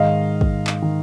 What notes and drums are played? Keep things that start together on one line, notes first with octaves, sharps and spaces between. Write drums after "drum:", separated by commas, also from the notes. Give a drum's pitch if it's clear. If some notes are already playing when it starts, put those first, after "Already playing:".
Already playing: G#2 D#3 D#5 F5
drum: kick
drum: clap
D#3